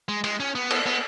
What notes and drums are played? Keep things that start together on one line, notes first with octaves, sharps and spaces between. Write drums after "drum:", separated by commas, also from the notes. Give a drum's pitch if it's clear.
G#3
G#3, drum: cymbal
C#4
B3
drum: cymbal
B3